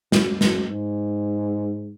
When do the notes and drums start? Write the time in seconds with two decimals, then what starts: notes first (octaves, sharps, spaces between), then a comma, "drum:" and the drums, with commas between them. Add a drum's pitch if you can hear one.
0.12 F#2, drum: snare
0.41 F#2, drum: snare
0.70 G#2